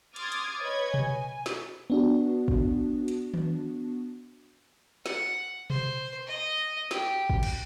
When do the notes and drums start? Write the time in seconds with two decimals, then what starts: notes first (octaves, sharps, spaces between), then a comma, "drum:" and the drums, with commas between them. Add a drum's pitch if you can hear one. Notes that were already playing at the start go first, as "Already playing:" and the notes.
0.16 C6 D6 D#6 F6 G#6 A6, drum: hi-hat
0.32 drum: hi-hat
0.59 B4 C#5 D#5 B5 G#6
0.94 G#5, drum: tom B2
1.46 drum: snare
1.90 B3 D4 F#4
2.48 drum: kick
3.08 drum: hi-hat
3.34 drum: tom D#3
5.06 F#5, drum: snare
5.70 C5, drum: tom B2
6.27 D#5
6.91 G4, drum: snare
7.30 drum: kick
7.43 drum: cymbal